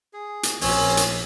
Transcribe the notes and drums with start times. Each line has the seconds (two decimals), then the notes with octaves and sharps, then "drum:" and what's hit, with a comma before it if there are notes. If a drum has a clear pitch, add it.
0.13 G#4
0.43 drum: hi-hat
0.61 A#1 C4 C#4 C#5, drum: open hi-hat
0.97 drum: hi-hat